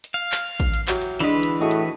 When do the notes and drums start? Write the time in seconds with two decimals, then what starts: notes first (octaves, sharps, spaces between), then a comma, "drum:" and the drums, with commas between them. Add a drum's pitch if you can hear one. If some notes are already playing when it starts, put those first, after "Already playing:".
0.04 drum: hi-hat
0.14 F5
0.32 drum: clap
0.60 drum: kick A1, hi-hat
0.74 drum: hi-hat
0.88 E3 F#3 G4, drum: clap
1.01 drum: hi-hat
1.20 D3 E3 G#3 B4
1.43 drum: hi-hat
1.60 A2 F#4 G#4 D#5
1.71 drum: hi-hat